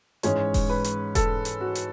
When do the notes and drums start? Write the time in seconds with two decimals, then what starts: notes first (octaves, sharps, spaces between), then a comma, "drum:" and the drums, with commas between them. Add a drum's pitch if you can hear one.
0.23 G#2 E3 G#3 C#4 C#5, drum: hi-hat
0.54 drum: kick E1, open hi-hat
0.69 B4
0.84 drum: hi-hat
1.15 A4, drum: kick E1, hi-hat
1.45 drum: hi-hat
1.61 F#4
1.75 drum: hi-hat